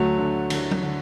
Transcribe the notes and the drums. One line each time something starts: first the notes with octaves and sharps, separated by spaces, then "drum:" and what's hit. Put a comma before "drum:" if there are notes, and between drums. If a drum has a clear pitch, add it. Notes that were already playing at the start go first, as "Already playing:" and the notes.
Already playing: D2 F#3 A3
D3
D3, drum: cymbal
drum: tom
D3